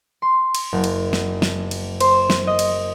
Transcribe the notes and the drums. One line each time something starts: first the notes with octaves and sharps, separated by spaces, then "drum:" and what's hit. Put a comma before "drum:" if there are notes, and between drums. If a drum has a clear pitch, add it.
C6
drum: cymbal
F#1
drum: cymbal
drum: snare
drum: snare
drum: cymbal
C5, drum: cymbal
drum: snare
D#5
drum: cymbal